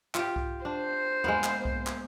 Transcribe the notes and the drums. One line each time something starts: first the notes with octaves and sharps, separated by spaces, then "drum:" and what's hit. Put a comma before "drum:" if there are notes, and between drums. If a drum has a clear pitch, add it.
F4 G4, drum: clap
drum: kick C2
D4 C5
G#3 A#3 B3, drum: tom
drum: clap
drum: kick C2
drum: clap